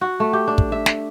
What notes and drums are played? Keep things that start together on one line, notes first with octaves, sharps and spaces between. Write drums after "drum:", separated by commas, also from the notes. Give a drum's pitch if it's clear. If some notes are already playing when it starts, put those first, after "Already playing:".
F#4
A3
G4
D4
drum: kick
E5
drum: snare